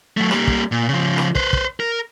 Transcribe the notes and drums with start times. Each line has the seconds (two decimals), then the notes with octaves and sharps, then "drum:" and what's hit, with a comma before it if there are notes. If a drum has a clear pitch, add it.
0.17 F#3 A3
0.31 G3 A#3, drum: rim click
0.47 drum: kick
0.72 A#2
0.89 C#3 F3
1.18 drum: rim click
1.35 B4 C5, drum: kick
1.53 drum: kick
1.80 A#4